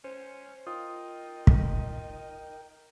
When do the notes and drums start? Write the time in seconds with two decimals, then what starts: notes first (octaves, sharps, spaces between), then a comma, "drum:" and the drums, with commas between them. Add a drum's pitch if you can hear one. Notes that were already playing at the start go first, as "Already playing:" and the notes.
0.04 C#4 C5
0.67 D#4 F4 A#4 G5 D#6
1.47 drum: kick